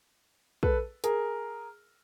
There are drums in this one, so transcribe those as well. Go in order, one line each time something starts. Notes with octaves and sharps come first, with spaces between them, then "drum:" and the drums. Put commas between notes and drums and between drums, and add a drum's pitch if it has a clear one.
A4 B4, drum: kick
G#4 A#4, drum: hi-hat